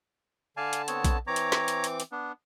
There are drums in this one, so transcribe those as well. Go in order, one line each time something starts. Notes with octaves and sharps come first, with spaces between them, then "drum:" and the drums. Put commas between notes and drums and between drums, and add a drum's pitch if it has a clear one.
D3 D5 F5 G#5 A5
drum: hi-hat
B3 C4 C#5, drum: hi-hat
drum: kick A#1, hi-hat
E3 C4 C#5 A#5 D6
drum: hi-hat
drum: snare
drum: hi-hat
drum: hi-hat
drum: hi-hat
B3 D4